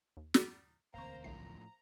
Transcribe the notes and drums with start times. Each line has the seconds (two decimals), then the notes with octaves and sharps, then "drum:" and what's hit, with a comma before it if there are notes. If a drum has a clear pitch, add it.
0.17 D#2
0.34 drum: snare
0.94 E1 D2 A#3 C4 C5 F5 A#5 C#6
1.24 B1 A2 F3 A3 A#5 C7